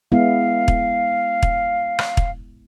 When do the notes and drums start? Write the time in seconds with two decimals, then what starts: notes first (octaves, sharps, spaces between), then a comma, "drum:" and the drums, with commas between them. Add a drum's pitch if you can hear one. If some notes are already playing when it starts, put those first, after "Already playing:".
0.12 G#3 B3 E4 F5
0.68 drum: kick
1.43 drum: kick
1.99 drum: rim click
2.17 drum: kick